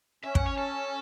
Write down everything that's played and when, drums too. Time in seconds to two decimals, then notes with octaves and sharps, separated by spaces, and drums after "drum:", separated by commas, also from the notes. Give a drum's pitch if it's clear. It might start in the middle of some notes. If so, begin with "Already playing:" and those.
0.24 C#4 E5
0.35 F#5, drum: kick
0.46 C#5
0.58 A4